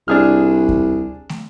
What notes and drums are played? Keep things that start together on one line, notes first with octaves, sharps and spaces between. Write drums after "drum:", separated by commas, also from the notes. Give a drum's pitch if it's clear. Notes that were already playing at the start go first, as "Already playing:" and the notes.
C2 D4 G#4 F6
drum: kick D#2
drum: snare